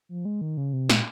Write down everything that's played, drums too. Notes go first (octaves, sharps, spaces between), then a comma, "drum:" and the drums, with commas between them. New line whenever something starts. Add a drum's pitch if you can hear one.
F3
G#3
D#3
C#3
C3
A#2, drum: snare